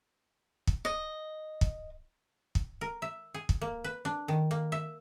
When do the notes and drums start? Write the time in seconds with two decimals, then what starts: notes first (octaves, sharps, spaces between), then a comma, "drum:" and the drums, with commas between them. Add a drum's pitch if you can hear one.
0.67 drum: kick
0.85 D#5
1.61 drum: kick
2.55 drum: kick
2.81 A#4
3.02 E5
3.34 G#4
3.49 drum: kick
3.61 A#3
3.84 B4
4.05 D4
4.28 D#3
4.51 A#3
4.72 E5